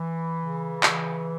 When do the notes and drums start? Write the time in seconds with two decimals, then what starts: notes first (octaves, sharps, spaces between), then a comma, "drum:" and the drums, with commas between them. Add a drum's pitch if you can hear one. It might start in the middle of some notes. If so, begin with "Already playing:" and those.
Already playing: E3
0.39 C#3
0.83 E3, drum: clap